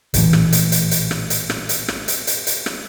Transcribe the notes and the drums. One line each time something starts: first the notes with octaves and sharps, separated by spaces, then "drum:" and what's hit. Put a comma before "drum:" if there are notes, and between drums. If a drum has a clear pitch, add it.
A#1 A2 E3, drum: hi-hat
drum: rim click
drum: hi-hat
drum: hi-hat
drum: hi-hat
drum: rim click
drum: hi-hat
drum: rim click
drum: hi-hat
drum: rim click
drum: hi-hat
drum: hi-hat
drum: hi-hat
drum: rim click